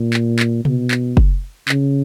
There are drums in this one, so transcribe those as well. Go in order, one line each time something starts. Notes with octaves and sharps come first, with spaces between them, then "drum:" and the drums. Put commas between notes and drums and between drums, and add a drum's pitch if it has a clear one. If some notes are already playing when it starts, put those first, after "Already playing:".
Already playing: A#2
drum: clap
drum: clap
B2, drum: tom C3
drum: clap
drum: kick F#1
C#3, drum: clap